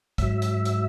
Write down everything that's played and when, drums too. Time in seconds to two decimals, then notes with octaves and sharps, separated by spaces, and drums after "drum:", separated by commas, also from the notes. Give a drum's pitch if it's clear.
0.18 G#2 F#3 E5, drum: kick, hi-hat
0.42 drum: hi-hat
0.65 drum: hi-hat